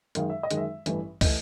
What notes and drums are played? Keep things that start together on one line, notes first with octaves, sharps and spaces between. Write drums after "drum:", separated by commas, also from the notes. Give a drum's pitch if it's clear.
F#2 D#3 G#3 F5, drum: hi-hat
E5
D#5
F#2 D#3 G#3, drum: hi-hat
E5
A1 G2 E3 A3, drum: hi-hat
E3 A3 D#5, drum: kick, open hi-hat